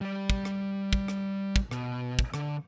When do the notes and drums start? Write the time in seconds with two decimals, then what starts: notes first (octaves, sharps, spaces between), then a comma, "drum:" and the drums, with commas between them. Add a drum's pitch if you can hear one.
0.01 G3 D5
0.30 drum: kick
0.45 drum: rim click
0.93 drum: kick
1.08 drum: rim click
1.56 drum: kick
1.71 B2, drum: rim click
2.19 drum: kick
2.34 D3, drum: rim click